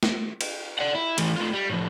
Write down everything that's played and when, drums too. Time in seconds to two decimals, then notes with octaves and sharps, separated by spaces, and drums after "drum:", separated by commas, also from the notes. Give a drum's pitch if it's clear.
0.03 drum: snare
0.41 drum: cymbal
0.79 D5 F#5
0.95 E4
1.18 E3 A3, drum: cymbal
1.37 A3 F4
1.53 G3
1.70 A2 F3